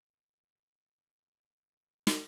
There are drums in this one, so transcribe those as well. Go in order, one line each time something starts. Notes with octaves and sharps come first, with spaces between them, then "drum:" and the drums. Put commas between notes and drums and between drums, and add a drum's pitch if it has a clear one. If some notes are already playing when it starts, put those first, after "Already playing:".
Already playing: C4
G6
F7
B3
A3 D6
A6
D6
E7
B3 A6
C7
drum: snare